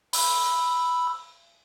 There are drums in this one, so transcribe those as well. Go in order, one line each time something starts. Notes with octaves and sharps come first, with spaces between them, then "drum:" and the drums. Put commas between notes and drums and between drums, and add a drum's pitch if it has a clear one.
B5 E6, drum: open hi-hat